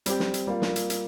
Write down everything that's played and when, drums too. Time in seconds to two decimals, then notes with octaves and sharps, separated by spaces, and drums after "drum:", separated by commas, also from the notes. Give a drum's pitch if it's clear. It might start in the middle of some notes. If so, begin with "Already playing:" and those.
0.06 G3 C4 G4, drum: hi-hat
0.20 drum: snare
0.34 drum: hi-hat
0.47 G3 A#3 F4
0.62 drum: snare
0.76 drum: hi-hat
0.90 drum: hi-hat